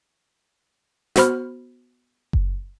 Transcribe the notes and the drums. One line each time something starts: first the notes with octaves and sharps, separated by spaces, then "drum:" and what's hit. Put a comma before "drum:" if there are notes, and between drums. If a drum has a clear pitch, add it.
B3 F#4 C5 B5 F6, drum: snare
drum: kick F#1